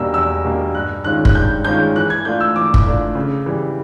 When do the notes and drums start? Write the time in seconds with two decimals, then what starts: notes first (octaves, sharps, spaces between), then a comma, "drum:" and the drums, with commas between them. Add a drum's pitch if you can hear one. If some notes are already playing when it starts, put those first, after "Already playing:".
Already playing: E2 B2 G3 A#3 D4 E6
0.14 E2 E6
0.45 B2 G3 A#3 D4
0.74 G2 F#6
1.04 D#3 G#3 C#4 F4 F#6
1.25 F#6, drum: kick
1.35 G2 G6
1.65 D#3 G#3 C#4 F4 G6
1.95 E3 F#6
2.10 G#6
2.25 A3 D4 F4 G6
2.40 E6
2.56 E3 D6
2.74 drum: kick
2.86 A3 D4 F4
3.15 C#3
3.46 E3 G3